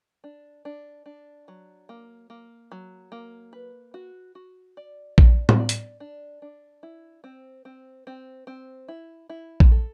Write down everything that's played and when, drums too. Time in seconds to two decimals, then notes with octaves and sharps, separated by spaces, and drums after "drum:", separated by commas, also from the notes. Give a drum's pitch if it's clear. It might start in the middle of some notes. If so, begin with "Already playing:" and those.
0.24 D4
0.65 D4
1.06 D4
1.48 F#3
1.89 A#3
2.30 A#3
2.72 F#3
3.12 A#3
3.53 B4
3.94 F#4
4.35 F#4
4.77 D5
5.18 D4, drum: kick A#1
5.49 drum: tom A2
5.59 D5
5.69 drum: hi-hat
6.00 D4
6.42 D4
6.83 E4
7.24 C4
7.65 C4
8.07 C4
8.47 C4
8.88 E4
9.29 E4
9.60 drum: kick A#1
9.72 A4